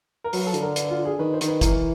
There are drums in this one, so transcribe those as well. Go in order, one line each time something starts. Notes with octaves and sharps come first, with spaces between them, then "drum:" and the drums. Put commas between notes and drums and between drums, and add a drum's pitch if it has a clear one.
A#4
F#3 B4, drum: open hi-hat
A4
D3, drum: hi-hat
A#4
B4, drum: hi-hat
F4
G#4
D#3 B4
C5
D#3, drum: hi-hat
B4
E3 A#4, drum: kick G1, hi-hat